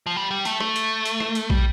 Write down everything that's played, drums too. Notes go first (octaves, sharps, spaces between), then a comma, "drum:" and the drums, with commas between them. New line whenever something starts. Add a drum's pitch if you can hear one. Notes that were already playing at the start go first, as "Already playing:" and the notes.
F3
G3
G3
A3, drum: hi-hat
A3, drum: rim click
drum: hi-hat
drum: hi-hat
drum: rim click
drum: hi-hat
G3, drum: kick